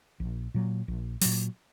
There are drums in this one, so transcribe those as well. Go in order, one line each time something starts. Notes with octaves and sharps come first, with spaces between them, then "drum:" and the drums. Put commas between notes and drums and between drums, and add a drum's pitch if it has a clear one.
A#1
A#2 F#3
A#1
A#2 F#3, drum: open hi-hat